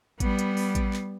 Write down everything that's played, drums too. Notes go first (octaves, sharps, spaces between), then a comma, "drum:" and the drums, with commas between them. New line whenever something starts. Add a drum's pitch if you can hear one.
G3 B3, drum: kick A1, hi-hat
drum: hi-hat
drum: open hi-hat
drum: kick A1, hi-hat
drum: clap